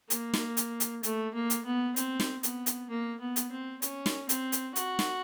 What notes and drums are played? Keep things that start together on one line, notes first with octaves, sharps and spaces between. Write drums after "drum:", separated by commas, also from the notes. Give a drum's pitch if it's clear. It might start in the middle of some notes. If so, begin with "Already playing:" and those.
A#3, drum: hi-hat
drum: snare
drum: hi-hat
drum: hi-hat
A3, drum: hi-hat
A#3
drum: hi-hat
B3
C4, drum: hi-hat
drum: snare
B3, drum: hi-hat
drum: hi-hat
A#3
B3
drum: hi-hat
C4
C#4, drum: hi-hat
drum: snare
C4, drum: hi-hat
drum: hi-hat
F#4, drum: hi-hat
drum: snare